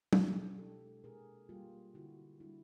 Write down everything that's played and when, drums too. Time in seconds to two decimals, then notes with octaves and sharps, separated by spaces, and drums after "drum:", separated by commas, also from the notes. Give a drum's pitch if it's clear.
0.13 B2 D4 E4, drum: tom
0.58 G#3 G4 A4
1.03 A#2 G#4 A#4
1.49 G3 A#3 F4 G4
1.94 D3 E4 F#4
2.40 G3 A#3 D4 E4